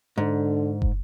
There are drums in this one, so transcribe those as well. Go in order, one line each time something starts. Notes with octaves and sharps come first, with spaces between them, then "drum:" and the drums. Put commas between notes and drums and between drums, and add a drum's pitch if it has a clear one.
G#2 D3
drum: kick